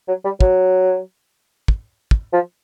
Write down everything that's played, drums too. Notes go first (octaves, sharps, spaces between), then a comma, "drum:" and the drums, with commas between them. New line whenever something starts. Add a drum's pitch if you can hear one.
F#3
G3
F#3, drum: kick
drum: kick
drum: kick
F3